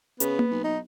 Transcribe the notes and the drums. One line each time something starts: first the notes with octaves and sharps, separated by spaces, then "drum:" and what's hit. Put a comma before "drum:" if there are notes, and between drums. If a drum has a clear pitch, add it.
C#3 B3, drum: hi-hat
drum: tom A#3
B1
D#4